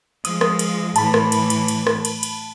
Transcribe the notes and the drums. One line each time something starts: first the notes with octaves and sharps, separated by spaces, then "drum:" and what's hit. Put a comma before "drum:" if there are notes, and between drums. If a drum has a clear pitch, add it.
F3 G#3 D#6, drum: cymbal
drum: rim click
drum: cymbal
A2 E3 A5 B5, drum: cymbal
drum: rim click
drum: cymbal
drum: cymbal
drum: cymbal
drum: rim click
drum: cymbal
drum: cymbal